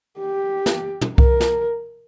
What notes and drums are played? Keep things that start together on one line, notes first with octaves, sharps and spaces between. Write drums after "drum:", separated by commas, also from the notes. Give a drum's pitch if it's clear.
G4
drum: snare
drum: tom
A#4, drum: kick C2
drum: snare